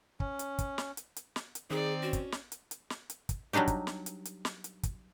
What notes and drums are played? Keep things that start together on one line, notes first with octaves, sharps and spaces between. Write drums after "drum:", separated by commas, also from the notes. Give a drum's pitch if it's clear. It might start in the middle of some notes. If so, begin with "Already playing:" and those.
C#4, drum: kick
drum: hi-hat
drum: kick, hi-hat
drum: snare
drum: hi-hat
drum: hi-hat
drum: snare
drum: hi-hat
D#3 C4 D#4 G#4 D5
C#4 F#4
drum: kick, hi-hat
drum: snare
drum: hi-hat
drum: hi-hat
drum: snare
drum: hi-hat
drum: kick, hi-hat
F#3 G3 D4 D#4 G4
drum: kick, hi-hat
drum: snare
drum: hi-hat
drum: hi-hat
drum: snare
drum: hi-hat
drum: kick, hi-hat